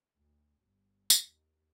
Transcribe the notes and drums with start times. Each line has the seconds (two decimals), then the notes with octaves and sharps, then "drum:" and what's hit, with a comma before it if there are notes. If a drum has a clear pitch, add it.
0.16 D2
0.61 G1
1.10 drum: tambourine
1.26 D#2